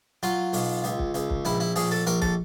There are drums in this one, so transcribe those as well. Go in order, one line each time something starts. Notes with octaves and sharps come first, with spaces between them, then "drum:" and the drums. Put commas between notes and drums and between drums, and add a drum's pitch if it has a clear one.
F#3 F4, drum: hi-hat
B1, drum: open hi-hat
C#2, drum: hi-hat
drum: kick
C#2, drum: hi-hat
drum: kick
A#1 E4, drum: hi-hat
E4
A#1 G#4, drum: open hi-hat
A4
A#1 A#4, drum: hi-hat
A4, drum: kick